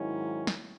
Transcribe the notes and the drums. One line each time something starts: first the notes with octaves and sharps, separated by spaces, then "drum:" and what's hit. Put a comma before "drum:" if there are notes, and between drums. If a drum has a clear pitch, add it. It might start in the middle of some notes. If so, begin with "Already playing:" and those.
Already playing: G#2 D#3 F#3 C#4 E4
drum: snare